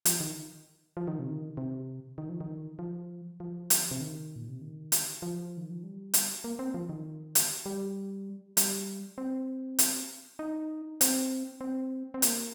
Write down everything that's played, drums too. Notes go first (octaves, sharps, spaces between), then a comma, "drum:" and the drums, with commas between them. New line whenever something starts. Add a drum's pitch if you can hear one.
F3, drum: hi-hat
D#3
F3
D#3
C3
D#3
C3
D#3
F3
D#3
F3
F3
drum: hi-hat
C3
D#3
A#2
C3
D#3
drum: hi-hat
F3
D#3
F3
G3
drum: hi-hat
A#3
C4
F3
D#3
drum: hi-hat
G3
G3, drum: hi-hat
C4
drum: hi-hat
D#4
C4, drum: hi-hat
C4
C4
A#3, drum: hi-hat